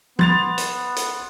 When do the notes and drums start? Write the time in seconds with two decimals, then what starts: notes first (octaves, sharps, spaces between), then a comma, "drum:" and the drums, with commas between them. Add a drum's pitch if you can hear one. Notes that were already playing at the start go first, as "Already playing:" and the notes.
0.19 B3 C6 A6 F7, drum: tom
0.58 drum: hi-hat
0.96 drum: hi-hat